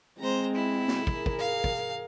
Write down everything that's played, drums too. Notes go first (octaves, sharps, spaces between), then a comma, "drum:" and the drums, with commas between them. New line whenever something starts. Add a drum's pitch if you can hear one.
G#3 C4 C5 A#5
E4
drum: snare B3
G#4 A#4, drum: kick
drum: kick
F5
drum: kick